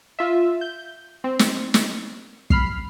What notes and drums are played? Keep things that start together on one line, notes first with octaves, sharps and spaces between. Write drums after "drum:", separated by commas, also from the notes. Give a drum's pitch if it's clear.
F4 E5
G6
C4
drum: snare
drum: snare
B5 F6 C7, drum: kick